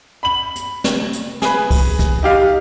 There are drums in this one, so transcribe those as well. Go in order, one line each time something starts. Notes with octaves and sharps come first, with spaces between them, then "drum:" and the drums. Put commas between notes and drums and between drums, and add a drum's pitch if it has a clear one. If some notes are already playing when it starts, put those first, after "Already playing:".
B5 F#7
drum: hi-hat
drum: snare
drum: hi-hat
G#4 B4, drum: snare
drum: kick, open hi-hat
drum: kick, hi-hat
D#4 G4 F5